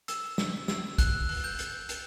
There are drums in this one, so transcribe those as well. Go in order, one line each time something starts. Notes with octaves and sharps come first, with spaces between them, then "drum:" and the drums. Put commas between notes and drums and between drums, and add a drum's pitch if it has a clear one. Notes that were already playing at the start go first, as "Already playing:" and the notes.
E6, drum: hi-hat
E6, drum: snare
E6, drum: snare
F#6, drum: kick, hi-hat
drum: open hi-hat
G6
drum: hi-hat
drum: hi-hat